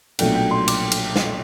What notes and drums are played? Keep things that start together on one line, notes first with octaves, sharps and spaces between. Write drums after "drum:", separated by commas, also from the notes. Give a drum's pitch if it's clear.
B1 A#2 F#3 A3 D4 G5, drum: cymbal
G5
C6
D6, drum: cymbal
drum: cymbal
drum: snare